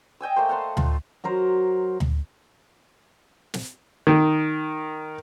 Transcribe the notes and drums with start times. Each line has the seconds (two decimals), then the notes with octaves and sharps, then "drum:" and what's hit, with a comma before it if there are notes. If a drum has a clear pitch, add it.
0.21 D#5 G5 G#5 E6
0.36 A3 A#3 C5
0.49 F5 F#5 A5 C6
0.77 F4, drum: tom D2
1.24 F#3 A#4 C5
2.00 drum: tom D2
3.54 drum: snare
4.07 D#3